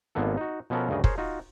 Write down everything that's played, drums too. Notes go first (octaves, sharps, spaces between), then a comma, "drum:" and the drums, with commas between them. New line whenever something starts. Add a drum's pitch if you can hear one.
G#1 G#3 A#3 B3 A4
D#4 F#4
B2 F3 B3 C#4 A4 A#4
D2 G2 C#3 D#5
G#4 A#4 C5 C#5, drum: kick
D#4 F4 F#4